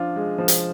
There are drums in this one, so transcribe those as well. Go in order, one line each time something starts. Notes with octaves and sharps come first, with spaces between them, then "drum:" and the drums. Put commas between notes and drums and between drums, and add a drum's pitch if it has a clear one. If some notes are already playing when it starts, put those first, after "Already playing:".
Already playing: F3 D4 F4
G#3
F3
drum: hi-hat